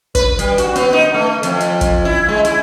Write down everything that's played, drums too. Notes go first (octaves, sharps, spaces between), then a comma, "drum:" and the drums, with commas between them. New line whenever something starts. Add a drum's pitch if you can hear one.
B4, drum: kick, hi-hat
G3, drum: hi-hat
F#4, drum: hi-hat
B3, drum: hi-hat
D#4
A3
F2, drum: hi-hat
drum: hi-hat
drum: kick, hi-hat
E4
G#3
E4, drum: hi-hat